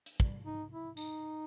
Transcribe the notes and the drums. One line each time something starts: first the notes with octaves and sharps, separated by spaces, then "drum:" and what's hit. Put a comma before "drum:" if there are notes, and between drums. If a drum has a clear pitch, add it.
drum: hi-hat
G3, drum: kick
D#4
E4
D#4, drum: tambourine